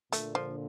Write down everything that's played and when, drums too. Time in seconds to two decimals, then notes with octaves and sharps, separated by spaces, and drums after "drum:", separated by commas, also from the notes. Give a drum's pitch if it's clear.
0.13 A#2 D3 A3, drum: hi-hat
0.35 F3